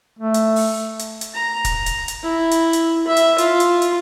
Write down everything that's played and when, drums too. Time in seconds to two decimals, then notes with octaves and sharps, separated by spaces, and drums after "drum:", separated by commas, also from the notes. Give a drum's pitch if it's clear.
0.19 A3
0.34 drum: hi-hat
0.56 drum: open hi-hat
0.99 drum: hi-hat
1.21 drum: hi-hat
1.34 A#5
1.65 drum: kick, hi-hat
1.86 drum: hi-hat
2.08 drum: hi-hat
2.23 E4
2.51 drum: hi-hat
2.73 drum: hi-hat
3.07 E5
3.17 drum: hi-hat
3.38 F4, drum: hi-hat
3.60 drum: hi-hat
3.82 drum: hi-hat